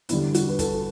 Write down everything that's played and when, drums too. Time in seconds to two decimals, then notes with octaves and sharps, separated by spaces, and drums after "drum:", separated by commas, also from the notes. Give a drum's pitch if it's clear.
0.09 E2 D3 G3 E4, drum: hi-hat
0.34 F#4, drum: hi-hat
0.49 B4
0.59 A4, drum: kick, hi-hat